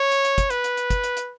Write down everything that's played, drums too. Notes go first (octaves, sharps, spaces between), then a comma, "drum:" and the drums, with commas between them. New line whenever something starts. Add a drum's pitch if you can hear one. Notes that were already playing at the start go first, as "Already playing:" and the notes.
Already playing: C#5
drum: hi-hat
drum: hi-hat
drum: kick, hi-hat
B4, drum: hi-hat
drum: hi-hat
drum: hi-hat
drum: kick, hi-hat
drum: hi-hat
drum: hi-hat